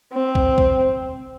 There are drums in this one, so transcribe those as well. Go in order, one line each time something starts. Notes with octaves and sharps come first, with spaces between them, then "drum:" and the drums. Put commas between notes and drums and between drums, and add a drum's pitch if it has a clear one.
C4
drum: kick
drum: kick